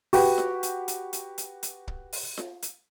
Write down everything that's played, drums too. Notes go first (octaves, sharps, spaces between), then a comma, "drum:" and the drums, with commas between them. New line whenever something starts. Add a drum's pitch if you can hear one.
F#4 G4 B4, drum: open hi-hat
drum: snare F4
drum: hi-hat
drum: hi-hat
drum: hi-hat
drum: hi-hat
drum: hi-hat
drum: kick
drum: open hi-hat
drum: snare F4
drum: hi-hat